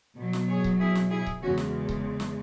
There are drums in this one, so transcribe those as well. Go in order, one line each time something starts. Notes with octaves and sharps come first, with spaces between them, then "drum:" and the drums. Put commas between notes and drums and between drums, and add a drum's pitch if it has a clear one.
B2 F#3
drum: snare
G#4 C#5
drum: kick C#1
E4 G#4
drum: snare
E4 G#4
drum: kick C#1
E2 C#3 G#3 C#4 F#4
drum: snare
drum: kick C#1
drum: snare